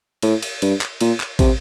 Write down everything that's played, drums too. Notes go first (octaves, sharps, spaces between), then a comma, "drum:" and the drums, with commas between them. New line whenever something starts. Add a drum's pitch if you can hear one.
A2, drum: cymbal
drum: cymbal
G2, drum: cymbal
drum: clap
A#2, drum: cymbal
drum: clap
C3, drum: kick, cymbal